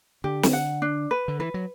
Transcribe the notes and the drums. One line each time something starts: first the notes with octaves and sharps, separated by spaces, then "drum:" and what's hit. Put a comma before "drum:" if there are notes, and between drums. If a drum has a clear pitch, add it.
D3 G4
drum: snare
F#5
D4
B4
D3
E3 B4
F#3